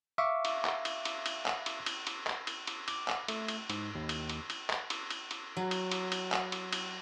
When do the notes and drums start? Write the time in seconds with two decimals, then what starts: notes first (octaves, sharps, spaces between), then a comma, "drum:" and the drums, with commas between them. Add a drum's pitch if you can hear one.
0.18 E5 F5 C#6 D6
0.45 drum: cymbal
0.65 drum: clap
0.85 drum: cymbal
1.05 drum: cymbal
1.26 drum: cymbal
1.46 drum: clap
1.66 drum: cymbal
1.86 drum: cymbal
2.07 drum: cymbal
2.27 drum: clap
2.47 drum: cymbal
2.67 drum: cymbal
2.88 D6, drum: cymbal
3.08 drum: clap
3.28 A3, drum: cymbal
3.48 drum: cymbal
3.70 G#2, drum: cymbal
3.95 D#2
4.09 drum: cymbal
4.29 drum: cymbal
4.50 drum: cymbal
4.70 drum: clap
4.90 drum: cymbal
5.10 drum: cymbal
5.31 drum: cymbal
5.57 F#3
5.71 drum: cymbal
5.91 drum: cymbal
6.12 drum: cymbal
6.32 drum: clap
6.52 drum: cymbal
6.73 drum: cymbal